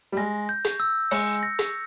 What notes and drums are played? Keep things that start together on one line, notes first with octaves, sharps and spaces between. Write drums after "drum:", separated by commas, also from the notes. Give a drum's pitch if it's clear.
G3
G#3 A#6
G6
drum: hi-hat
E6
G#3 C#7, drum: open hi-hat
A#6
drum: hi-hat